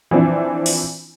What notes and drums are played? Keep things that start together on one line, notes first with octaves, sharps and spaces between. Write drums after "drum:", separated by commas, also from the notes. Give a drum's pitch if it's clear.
E3 F3 C4 D4 E4
drum: open hi-hat